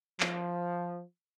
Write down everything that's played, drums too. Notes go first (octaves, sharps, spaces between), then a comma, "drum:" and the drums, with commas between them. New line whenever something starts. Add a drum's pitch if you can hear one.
F3, drum: clap